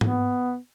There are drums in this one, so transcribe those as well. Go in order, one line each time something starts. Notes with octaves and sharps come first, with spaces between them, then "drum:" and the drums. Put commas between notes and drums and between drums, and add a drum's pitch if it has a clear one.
B3, drum: tom G#2